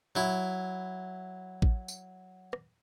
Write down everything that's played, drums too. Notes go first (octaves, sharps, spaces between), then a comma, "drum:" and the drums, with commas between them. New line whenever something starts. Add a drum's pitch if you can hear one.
F#3 E4
drum: kick A1
drum: tambourine
drum: rim click